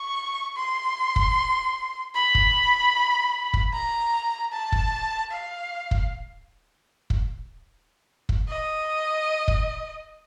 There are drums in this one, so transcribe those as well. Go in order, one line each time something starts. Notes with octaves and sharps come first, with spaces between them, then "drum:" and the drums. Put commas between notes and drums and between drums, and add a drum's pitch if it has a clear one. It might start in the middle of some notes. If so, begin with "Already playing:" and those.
Already playing: C#6
C6
drum: kick
B5
drum: kick
drum: kick
A#5
A5
drum: kick
F5
drum: kick
drum: kick
drum: kick
D#5
drum: kick